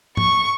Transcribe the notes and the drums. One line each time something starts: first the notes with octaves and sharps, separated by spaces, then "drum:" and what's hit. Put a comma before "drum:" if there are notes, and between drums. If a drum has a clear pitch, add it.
C#6, drum: tom G#2